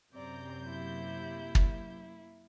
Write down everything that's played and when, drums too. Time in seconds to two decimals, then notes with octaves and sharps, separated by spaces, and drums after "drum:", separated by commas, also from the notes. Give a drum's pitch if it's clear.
0.13 F#2 C3 C4 D5 A#5 G6
0.65 A#3 E4
1.55 drum: kick